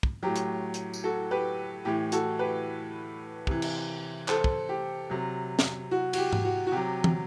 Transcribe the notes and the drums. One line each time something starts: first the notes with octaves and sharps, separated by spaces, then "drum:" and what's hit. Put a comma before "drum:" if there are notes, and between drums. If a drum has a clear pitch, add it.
drum: kick
A2 F#3 G4
drum: hi-hat
drum: hi-hat
drum: tambourine
F#4 A4
G4 B4
A2 E3 G4
F#4 A4, drum: hi-hat
G4 B4
C3 E3, drum: kick
drum: cymbal
A4 C5, drum: clap
drum: kick
G4
C3 F#3
drum: snare
F#4
F#4, drum: cymbal
G4
drum: tom G#2
F#4
F#4
C3 F#3 G4
drum: tom